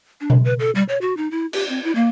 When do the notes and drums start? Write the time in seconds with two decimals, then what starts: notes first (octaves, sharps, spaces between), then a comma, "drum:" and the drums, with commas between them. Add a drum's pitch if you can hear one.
0.21 D4
0.30 drum: tom B2
0.45 B4
0.59 A4
0.75 G3
0.89 C#5
1.01 F#4
1.17 D#4
1.31 E4
1.53 G4, drum: cymbal
1.69 C4
1.84 E4
1.95 A#3